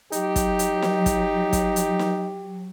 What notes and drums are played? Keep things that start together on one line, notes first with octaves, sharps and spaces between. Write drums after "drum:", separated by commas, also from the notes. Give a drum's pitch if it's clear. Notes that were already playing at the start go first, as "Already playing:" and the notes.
F#3 D#4 G4, drum: hi-hat
drum: kick, hi-hat
drum: hi-hat
drum: snare
drum: kick, hi-hat
drum: kick, hi-hat
drum: hi-hat
drum: snare